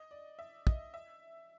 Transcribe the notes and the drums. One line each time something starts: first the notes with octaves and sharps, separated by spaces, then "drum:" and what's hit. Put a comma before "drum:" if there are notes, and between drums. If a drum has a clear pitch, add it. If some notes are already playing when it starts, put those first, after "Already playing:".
Already playing: D#5
D5
E5
D#5, drum: kick
E5